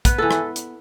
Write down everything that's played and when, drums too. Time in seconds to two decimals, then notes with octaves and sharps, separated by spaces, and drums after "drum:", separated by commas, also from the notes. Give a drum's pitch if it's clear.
0.05 B3 B4, drum: kick, hi-hat
0.18 E3 A4
0.31 drum: rim click
0.56 drum: hi-hat